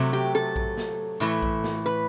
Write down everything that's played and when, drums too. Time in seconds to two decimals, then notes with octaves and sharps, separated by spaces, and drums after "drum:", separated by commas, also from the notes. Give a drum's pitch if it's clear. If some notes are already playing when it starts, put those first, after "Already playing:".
Already playing: C3 F#3 A3
0.13 G4
0.35 A4
0.56 drum: kick A#1
0.77 drum: snare
1.20 A2 E3 A3
1.42 drum: kick A#1
1.64 drum: snare
1.86 B4